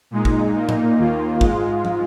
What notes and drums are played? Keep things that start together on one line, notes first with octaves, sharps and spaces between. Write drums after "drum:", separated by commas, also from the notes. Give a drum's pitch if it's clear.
A#2 G#3 D#4
drum: kick
A#2 A#3 D#4
drum: tom A2
D#2 D#3 A#3 F4
G#2 G#3 F4, drum: kick
drum: tom